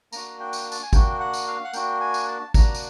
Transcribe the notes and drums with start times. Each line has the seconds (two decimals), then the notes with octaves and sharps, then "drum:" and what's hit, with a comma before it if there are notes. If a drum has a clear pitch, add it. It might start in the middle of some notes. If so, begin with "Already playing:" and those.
0.13 A#3 D4 F#4 A#5, drum: tambourine
0.40 G5
0.53 drum: tambourine
0.72 A5, drum: tambourine
0.82 G#5
0.93 A#3 D4 F#4 G5, drum: kick, tambourine
1.20 F#5
1.33 drum: tambourine
1.48 F5
1.65 F#5
1.73 A#3 D4 F#4 G5, drum: tambourine
2.01 G#5
2.14 drum: tambourine
2.28 A5
2.54 A#3 D4 F#4 A#5, drum: kick, tambourine
2.74 drum: tambourine